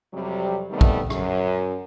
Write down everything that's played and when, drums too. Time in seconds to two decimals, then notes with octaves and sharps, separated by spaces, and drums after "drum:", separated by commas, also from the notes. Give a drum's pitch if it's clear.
0.14 F2 C3 F#3 G3
0.71 C3 D#3 G3 A3 B3
0.81 drum: kick
1.10 F#2, drum: rim click